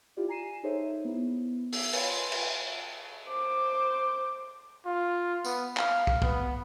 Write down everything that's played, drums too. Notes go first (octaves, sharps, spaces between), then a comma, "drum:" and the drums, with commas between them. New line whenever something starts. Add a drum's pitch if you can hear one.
E4 F4 G4 D5
G#5 A#5 C7 D#7 E7
D#4 G#4 A4 C5 C#5 E5
B3 E4
E6 C7, drum: open hi-hat
B4 C#5 G#5 B5 C6, drum: cymbal
drum: cymbal
C5 D6
F4
B3, drum: tambourine
F5, drum: clap
drum: kick
B3, drum: kick